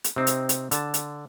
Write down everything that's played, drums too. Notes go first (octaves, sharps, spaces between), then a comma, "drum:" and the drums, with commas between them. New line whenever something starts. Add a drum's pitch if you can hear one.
drum: hi-hat
C3 C4 D#4
drum: hi-hat
drum: hi-hat
D3 A5, drum: hi-hat
drum: hi-hat